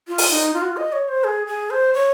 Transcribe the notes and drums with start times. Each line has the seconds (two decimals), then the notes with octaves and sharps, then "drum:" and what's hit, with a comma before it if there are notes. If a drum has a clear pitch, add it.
0.08 F4
0.18 drum: open hi-hat
0.31 D#4
0.54 F4
0.62 F#4
0.69 F4
0.77 D#5
0.93 C#5
1.08 C5
1.24 G#4
1.47 G#4
1.70 C5
1.94 C#5